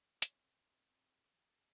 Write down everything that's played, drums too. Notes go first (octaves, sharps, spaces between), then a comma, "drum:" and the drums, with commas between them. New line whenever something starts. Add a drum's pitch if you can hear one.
C4 C#4 C#5 E5 C6, drum: hi-hat